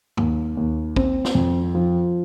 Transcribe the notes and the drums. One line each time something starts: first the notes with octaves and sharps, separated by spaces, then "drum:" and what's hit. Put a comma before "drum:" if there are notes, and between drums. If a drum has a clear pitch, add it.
D#2, drum: tom
D#2
C4, drum: kick
drum: snare
F2
F3